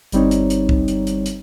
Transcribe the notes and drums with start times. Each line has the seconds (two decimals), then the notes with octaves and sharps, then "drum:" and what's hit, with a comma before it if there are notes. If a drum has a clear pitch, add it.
0.12 G1 G3 C4 D#4 C#5, drum: hi-hat
0.31 drum: hi-hat
0.50 drum: hi-hat
0.69 drum: kick C2
0.88 drum: hi-hat
1.07 drum: hi-hat
1.26 drum: hi-hat